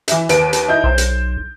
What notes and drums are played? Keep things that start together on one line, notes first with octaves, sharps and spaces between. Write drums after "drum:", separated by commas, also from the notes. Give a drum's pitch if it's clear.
E3 E5, drum: hi-hat
D#2 B4 D7, drum: hi-hat
drum: hi-hat
D#4 E4 G6
B1 C5
drum: hi-hat